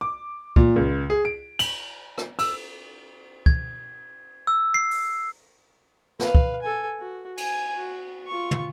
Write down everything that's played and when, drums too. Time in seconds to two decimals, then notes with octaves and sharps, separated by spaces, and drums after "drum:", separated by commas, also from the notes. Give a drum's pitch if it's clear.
0.01 D6
0.56 A#2, drum: kick
0.76 C#2
1.10 G#4
1.25 D7
1.59 F#7, drum: cymbal
2.18 drum: rim click
2.39 E6, drum: cymbal
3.46 G#6, drum: kick
4.47 E6
4.74 C7
4.91 drum: open hi-hat
6.20 B4 F5, drum: snare
6.35 drum: kick
6.62 A4 G#5
6.99 F#4
7.37 G#5, drum: cymbal
7.74 F#4
8.27 F4 C#6
8.51 drum: tom